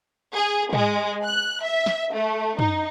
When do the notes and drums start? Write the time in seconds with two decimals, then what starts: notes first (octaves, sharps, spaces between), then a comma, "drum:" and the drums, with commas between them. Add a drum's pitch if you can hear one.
0.36 G#4
0.73 G#3, drum: tom
1.23 F#6
1.64 E5
1.86 drum: snare
2.13 A3
2.59 D#4, drum: tom